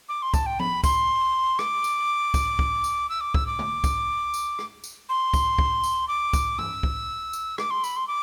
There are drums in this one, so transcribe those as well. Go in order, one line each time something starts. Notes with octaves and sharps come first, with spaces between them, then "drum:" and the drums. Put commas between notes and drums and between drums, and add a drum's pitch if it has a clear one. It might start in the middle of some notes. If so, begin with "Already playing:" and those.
D6
C6
A5, drum: kick, tambourine
G5
B5, drum: tom F3
C6, drum: kick, tambourine
D6, drum: rim click
drum: tambourine
drum: kick, tambourine
drum: kick
drum: tambourine
E6
D6
E6, drum: kick
D6
drum: tom
drum: kick, tambourine
drum: tambourine
drum: rim click
drum: tambourine
C6
drum: kick, tambourine
drum: kick
drum: tambourine
D6
drum: kick, tambourine
E6, drum: tom
drum: kick
drum: tambourine
D6, drum: rim click
C6
B5, drum: tambourine
C6
D6